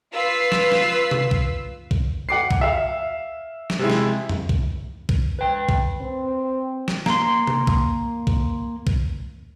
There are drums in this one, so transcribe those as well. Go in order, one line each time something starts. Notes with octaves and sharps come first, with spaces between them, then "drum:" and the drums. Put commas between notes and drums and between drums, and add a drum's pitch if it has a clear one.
F4 B4 E6 B6 C7
drum: snare
drum: snare
drum: tom C3
drum: kick B1
drum: kick B1
F#5 D6 C7
drum: kick B1
E5 F5
drum: snare
C3 G#3 E4
drum: snare
drum: tom E2
drum: kick B1
drum: kick B1
B4 G5
drum: kick B1
C4
drum: snare
A#3 C6, drum: snare
drum: tom C3
drum: kick B1
drum: kick B1
drum: kick B1